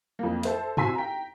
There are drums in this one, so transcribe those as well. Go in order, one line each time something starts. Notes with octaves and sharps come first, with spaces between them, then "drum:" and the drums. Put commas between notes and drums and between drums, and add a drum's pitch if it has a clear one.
F2 A#3
A4 C5 E5, drum: hi-hat
C2 F#4 G#5 C6 E6 B6, drum: tom G2
G5 A#5